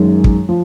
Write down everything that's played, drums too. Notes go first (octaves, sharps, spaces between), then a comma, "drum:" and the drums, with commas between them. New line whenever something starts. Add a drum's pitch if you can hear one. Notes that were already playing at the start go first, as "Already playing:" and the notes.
Already playing: F#2 D#3 G#3
drum: kick
F3